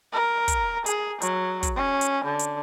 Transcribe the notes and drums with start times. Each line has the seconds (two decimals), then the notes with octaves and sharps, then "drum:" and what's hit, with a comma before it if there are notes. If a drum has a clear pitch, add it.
0.13 A#4
0.48 drum: kick, hi-hat
0.86 G#4, drum: hi-hat
1.22 F#3, drum: hi-hat
1.63 drum: kick, hi-hat
1.76 C#4
2.01 drum: hi-hat
2.25 D3
2.39 drum: hi-hat